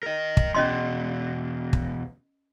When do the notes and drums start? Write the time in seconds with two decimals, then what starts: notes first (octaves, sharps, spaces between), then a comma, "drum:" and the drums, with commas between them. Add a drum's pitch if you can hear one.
0.03 A#4 D#5
0.37 drum: kick
0.54 E2 B2 C#4 D#5 C6
1.73 drum: kick